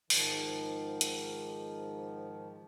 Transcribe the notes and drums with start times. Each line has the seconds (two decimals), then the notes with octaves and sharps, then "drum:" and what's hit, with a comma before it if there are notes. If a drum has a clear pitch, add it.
0.10 G#2 D#3 F3, drum: open hi-hat
1.01 drum: hi-hat